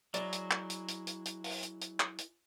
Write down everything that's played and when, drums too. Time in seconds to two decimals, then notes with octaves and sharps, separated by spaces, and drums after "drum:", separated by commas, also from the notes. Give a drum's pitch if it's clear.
0.14 F#3 G#3 E4 D5, drum: hi-hat
0.32 drum: hi-hat
0.51 drum: clap
0.70 drum: hi-hat
0.88 drum: hi-hat
1.07 drum: hi-hat
1.25 drum: hi-hat
1.44 drum: open hi-hat
1.63 drum: hi-hat
1.81 drum: hi-hat
2.00 drum: clap
2.18 drum: hi-hat